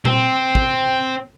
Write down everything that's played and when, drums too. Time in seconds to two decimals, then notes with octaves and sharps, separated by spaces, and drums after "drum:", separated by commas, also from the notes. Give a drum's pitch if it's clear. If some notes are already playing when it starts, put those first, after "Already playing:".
0.05 C4, drum: tom A#2
0.55 drum: kick